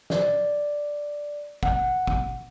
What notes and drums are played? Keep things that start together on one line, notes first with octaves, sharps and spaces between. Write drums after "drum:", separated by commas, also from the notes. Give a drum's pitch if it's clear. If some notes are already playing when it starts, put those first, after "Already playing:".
D5, drum: snare
F#5, drum: kick
drum: kick